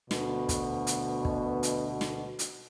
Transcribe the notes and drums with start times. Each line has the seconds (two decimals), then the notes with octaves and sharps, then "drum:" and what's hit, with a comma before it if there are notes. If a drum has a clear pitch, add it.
0.11 D2 B2, drum: snare
0.49 drum: kick, hi-hat
0.87 drum: hi-hat
1.25 drum: kick
1.63 drum: hi-hat
2.01 drum: snare
2.39 drum: hi-hat